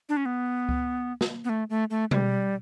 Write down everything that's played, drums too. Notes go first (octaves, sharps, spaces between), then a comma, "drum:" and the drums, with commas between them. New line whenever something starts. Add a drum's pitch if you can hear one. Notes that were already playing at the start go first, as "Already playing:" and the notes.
D4
C#4
B3
drum: kick C#2
drum: snare
B3
A3
A3
A3
G3, drum: tom B2